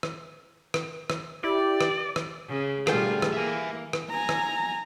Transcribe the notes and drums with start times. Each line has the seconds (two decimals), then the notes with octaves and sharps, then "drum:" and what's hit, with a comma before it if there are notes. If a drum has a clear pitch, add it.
0.03 drum: rim click
0.74 drum: rim click
1.10 drum: rim click
1.44 E4 G4 D5
1.81 drum: rim click
2.16 drum: rim click
2.48 C#3
2.87 D2 G2 B2 G3 F4 G#4 A4 G5, drum: rim click
3.22 drum: rim click
3.33 E3 A#3 E5 G#5
3.93 drum: rim click
4.10 G#5 A#5
4.29 drum: rim click